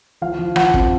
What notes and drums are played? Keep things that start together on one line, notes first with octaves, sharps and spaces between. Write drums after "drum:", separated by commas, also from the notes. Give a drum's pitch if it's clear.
F3 F5
F3
F3 F#5, drum: rim click
C4, drum: kick